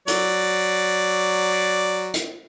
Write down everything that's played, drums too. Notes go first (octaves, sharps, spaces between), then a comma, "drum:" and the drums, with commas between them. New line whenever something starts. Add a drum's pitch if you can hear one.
F#3 D5, drum: hi-hat
drum: hi-hat